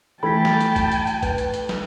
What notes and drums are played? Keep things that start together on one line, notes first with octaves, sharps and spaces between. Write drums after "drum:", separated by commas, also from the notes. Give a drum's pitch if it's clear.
E3 A3 A4 G5 A5 B5 G#6 B6
drum: snare
drum: hi-hat
drum: kick, hi-hat
drum: hi-hat
drum: hi-hat
B4, drum: kick, hi-hat
drum: hi-hat
drum: hi-hat
drum: snare